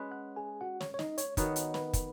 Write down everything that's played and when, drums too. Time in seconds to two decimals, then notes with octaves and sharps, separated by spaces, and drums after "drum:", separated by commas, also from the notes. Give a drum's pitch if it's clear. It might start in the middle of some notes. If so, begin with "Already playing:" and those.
Already playing: G#3 C#4 B4
0.11 F#5 F#6
0.36 G#4 G#5
0.61 F#4 F#5
0.81 C#5, drum: snare
0.94 C#5
0.99 D#4 D#5, drum: snare
1.18 C#5, drum: hi-hat
1.37 D#3 B3 D#4 F#4 C#5, drum: kick, hi-hat
1.56 drum: hi-hat
1.74 B4 B5, drum: snare
1.93 drum: kick, hi-hat